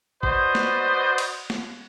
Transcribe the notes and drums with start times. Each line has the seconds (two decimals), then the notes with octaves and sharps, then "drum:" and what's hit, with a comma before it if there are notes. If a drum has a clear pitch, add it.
0.23 F#4 B4 C5 D5 D#5, drum: kick G#1
0.55 drum: snare
1.18 drum: cymbal
1.50 drum: snare